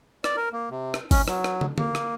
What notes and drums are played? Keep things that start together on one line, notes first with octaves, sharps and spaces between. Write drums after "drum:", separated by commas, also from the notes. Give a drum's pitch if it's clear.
D5, drum: rim click
A#4
A#3
C3
drum: rim click
C#4, drum: kick G1, open hi-hat
F#3, drum: rim click
drum: rim click
drum: tom
A#3, drum: tom
drum: rim click